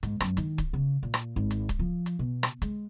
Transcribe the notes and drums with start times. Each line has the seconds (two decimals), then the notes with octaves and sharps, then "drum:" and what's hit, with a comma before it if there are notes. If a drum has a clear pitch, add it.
0.03 G#2, drum: hi-hat
0.20 F#2, drum: rim click
0.37 D#3, drum: hi-hat
0.58 drum: kick D1, hi-hat
0.73 C#3
1.03 A#2
1.14 drum: rim click
1.36 G#1
1.51 drum: hi-hat
1.69 drum: kick D1, hi-hat
1.79 F3
2.06 drum: hi-hat
2.19 B2
2.43 drum: rim click
2.62 G#3, drum: hi-hat